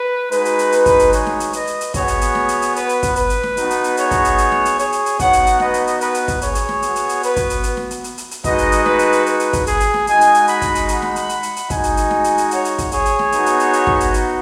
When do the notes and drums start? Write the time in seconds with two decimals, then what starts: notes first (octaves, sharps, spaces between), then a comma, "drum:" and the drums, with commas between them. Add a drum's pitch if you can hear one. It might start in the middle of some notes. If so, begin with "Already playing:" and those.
Already playing: B4
0.32 G#3 D#4 F#4 B4, drum: hi-hat
0.45 drum: hi-hat
0.59 drum: hi-hat
0.72 drum: hi-hat
0.86 drum: kick, hi-hat
0.99 drum: hi-hat
1.13 G#4 C#5, drum: hi-hat
1.27 drum: snare
1.40 drum: hi-hat
1.53 B4 D#5, drum: hi-hat
1.67 drum: hi-hat
1.81 drum: hi-hat
1.94 B3 F#4 G#4 C#5, drum: kick, hi-hat
2.08 drum: hi-hat
2.21 drum: hi-hat
2.35 drum: snare
2.48 drum: hi-hat
2.62 drum: hi-hat
2.76 B4, drum: hi-hat
2.89 drum: hi-hat
3.03 drum: kick, hi-hat
3.16 B4, drum: hi-hat
3.30 drum: hi-hat
3.43 drum: snare
3.57 B3 D#4 F#4, drum: hi-hat
3.70 drum: hi-hat
3.84 drum: hi-hat
3.97 G#4 C#5, drum: hi-hat
4.11 drum: kick, hi-hat
4.25 drum: hi-hat
4.38 drum: hi-hat
4.52 drum: snare
4.65 drum: hi-hat
4.79 G#4 C#5, drum: hi-hat
4.92 drum: hi-hat
5.06 drum: hi-hat
5.19 B3 D#4 F#4 C#5 F#5, drum: kick, hi-hat
5.33 drum: hi-hat
5.47 drum: hi-hat
5.60 B4 D#5, drum: snare
5.74 drum: hi-hat
5.87 drum: hi-hat
6.01 B4, drum: hi-hat
6.14 drum: hi-hat
6.28 drum: kick, hi-hat
6.42 G#4 C#5, drum: hi-hat
6.55 drum: hi-hat
6.69 drum: snare
6.82 B3 F#4, drum: hi-hat
6.96 drum: hi-hat
7.09 drum: hi-hat
7.23 B4, drum: hi-hat
7.36 drum: kick, hi-hat
7.50 drum: hi-hat
7.63 drum: hi-hat
7.77 drum: snare
7.91 drum: hi-hat
8.04 drum: hi-hat
8.18 drum: hi-hat
8.31 drum: hi-hat
8.44 G#3 D#4 F#4 B4 D#5, drum: kick, hi-hat
8.58 drum: hi-hat
8.72 drum: hi-hat
8.86 B4, drum: snare
8.99 drum: hi-hat
9.13 drum: hi-hat
9.26 B4, drum: hi-hat
9.40 drum: hi-hat
9.53 drum: kick, hi-hat
9.67 G#4, drum: hi-hat
9.80 drum: hi-hat
9.94 drum: snare
10.07 G#3 D#4 F#4 D#5 G#5, drum: hi-hat
10.21 drum: hi-hat
10.34 drum: hi-hat
10.48 F#5 B5, drum: hi-hat
10.62 drum: kick, hi-hat
10.75 drum: hi-hat
10.88 F#5 B5, drum: hi-hat
11.02 drum: snare
11.16 drum: hi-hat
11.29 drum: hi-hat
11.43 drum: hi-hat
11.56 drum: hi-hat
11.70 G#3 D#4 F#4 D#5 G#5, drum: kick, hi-hat
11.84 drum: hi-hat
11.97 drum: hi-hat
12.11 drum: snare
12.24 drum: hi-hat
12.38 drum: hi-hat
12.51 C#5 F#5, drum: hi-hat
12.65 drum: hi-hat
12.78 drum: kick, hi-hat
12.92 G#4 C#5, drum: hi-hat
13.06 drum: hi-hat
13.19 drum: snare
13.32 B3 D#4 F#4, drum: hi-hat
13.46 drum: hi-hat
13.60 drum: hi-hat
13.73 drum: hi-hat
13.87 drum: kick
14.00 drum: hi-hat
14.14 drum: hi-hat